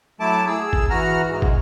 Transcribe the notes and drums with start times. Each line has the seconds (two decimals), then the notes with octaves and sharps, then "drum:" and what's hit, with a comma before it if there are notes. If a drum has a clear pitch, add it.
0.20 F#3 A3 E4 A5 D6
0.47 G#4 E6
0.73 drum: kick
0.90 E3 F#4 A#5 F6
1.30 G#2 G#3
1.42 drum: kick